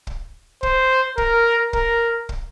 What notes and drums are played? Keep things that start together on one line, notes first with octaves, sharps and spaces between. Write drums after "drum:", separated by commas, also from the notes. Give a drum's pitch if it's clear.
drum: kick
C5, drum: kick
A#4, drum: kick
A#4, drum: kick
drum: kick